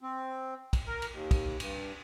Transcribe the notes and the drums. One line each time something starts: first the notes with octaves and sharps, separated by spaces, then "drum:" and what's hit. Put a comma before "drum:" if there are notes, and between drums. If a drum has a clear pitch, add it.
C4
drum: kick, cymbal
A#4
drum: cymbal
D#2
drum: kick, cymbal
G2, drum: cymbal